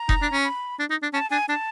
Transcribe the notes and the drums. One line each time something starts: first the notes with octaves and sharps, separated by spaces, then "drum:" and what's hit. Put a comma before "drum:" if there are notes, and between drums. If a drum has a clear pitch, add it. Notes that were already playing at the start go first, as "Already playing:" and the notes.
Already playing: A#5
D#4, drum: kick F1
D4
C#4
B5
D4
D#4
D4
C#4 A5
D4 G#5
D4 A5